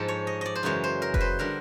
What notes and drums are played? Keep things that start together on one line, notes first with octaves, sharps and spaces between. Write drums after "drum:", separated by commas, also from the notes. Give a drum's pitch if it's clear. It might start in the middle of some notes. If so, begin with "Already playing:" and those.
Already playing: G#2 F3 G#3 A4
C#5
D#5
D5 D#5
C5
F#2 C#3 E3 G#3 C#5
C5
A#4
B4, drum: kick F1
C5
D3 G3 A#4